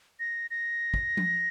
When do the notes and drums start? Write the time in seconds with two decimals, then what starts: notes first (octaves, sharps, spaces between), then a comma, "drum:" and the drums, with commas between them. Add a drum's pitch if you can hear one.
0.20 A#6
0.51 A#6
0.94 drum: kick
1.17 drum: tom F3